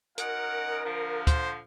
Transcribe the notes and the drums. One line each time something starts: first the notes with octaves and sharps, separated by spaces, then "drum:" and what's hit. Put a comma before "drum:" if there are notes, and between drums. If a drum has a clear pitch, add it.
F#2 D#4 A#4 F#5, drum: hi-hat
D3 F3
C5, drum: kick, hi-hat